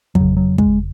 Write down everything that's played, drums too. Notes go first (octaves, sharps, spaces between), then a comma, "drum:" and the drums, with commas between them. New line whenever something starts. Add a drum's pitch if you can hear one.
F2 C#3 F#3, drum: kick
F#3
G#3, drum: kick